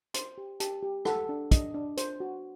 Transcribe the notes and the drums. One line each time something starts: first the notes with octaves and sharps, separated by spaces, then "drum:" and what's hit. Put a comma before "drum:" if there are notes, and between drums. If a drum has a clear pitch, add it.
C5 C6, drum: hi-hat
G4
G4 A5, drum: hi-hat
G4
A4 F#5, drum: rim click
D4
D4 D#5, drum: kick, hi-hat
D4
C5, drum: hi-hat
F#4